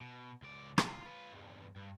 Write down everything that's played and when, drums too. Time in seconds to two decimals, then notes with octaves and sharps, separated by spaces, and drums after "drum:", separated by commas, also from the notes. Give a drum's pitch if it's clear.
0.01 B2
0.42 C#2 D5
0.78 F4, drum: rim click
1.03 F4 B4
1.33 E2 G2
1.76 G2